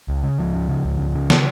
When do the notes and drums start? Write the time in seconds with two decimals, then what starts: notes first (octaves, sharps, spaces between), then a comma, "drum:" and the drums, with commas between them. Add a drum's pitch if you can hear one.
0.08 C#2
0.24 C#3
0.39 C#2 F3
0.54 C#3
0.69 C#3
0.84 C#2
1.00 C#2
1.15 C#3
1.30 drum: snare